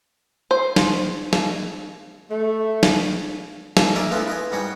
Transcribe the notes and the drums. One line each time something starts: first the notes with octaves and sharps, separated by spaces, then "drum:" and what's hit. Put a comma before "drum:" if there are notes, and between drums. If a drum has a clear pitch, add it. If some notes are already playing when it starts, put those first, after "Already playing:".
C5
drum: snare
drum: snare
A3
drum: snare
drum: snare
C#4 E4 A#4 D5 A#5
A3 B3 C#4 E4 F4 B4
B4 D#5 G#5
G#2 G3 F#4 G4 C#5 G#5